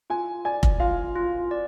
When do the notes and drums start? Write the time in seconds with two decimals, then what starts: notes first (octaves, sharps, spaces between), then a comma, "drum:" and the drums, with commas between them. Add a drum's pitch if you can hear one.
0.10 F4 G#5
0.45 D5 G#5
0.63 drum: kick F1
0.80 F4 F5
1.16 F4
1.51 D5